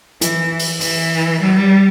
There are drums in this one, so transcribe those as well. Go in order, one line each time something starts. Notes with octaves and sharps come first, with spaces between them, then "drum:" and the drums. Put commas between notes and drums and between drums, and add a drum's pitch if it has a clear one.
E3, drum: hi-hat
drum: open hi-hat
E3, drum: open hi-hat
G3